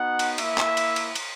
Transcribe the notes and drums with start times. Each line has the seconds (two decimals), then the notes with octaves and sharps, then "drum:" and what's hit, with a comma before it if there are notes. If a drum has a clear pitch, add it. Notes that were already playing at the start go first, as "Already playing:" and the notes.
Already playing: B3 D#4 F#4 F#5
0.19 drum: cymbal
0.38 A#3 E4 E5, drum: cymbal
0.58 drum: clap
0.77 drum: cymbal
0.96 drum: cymbal
1.15 drum: cymbal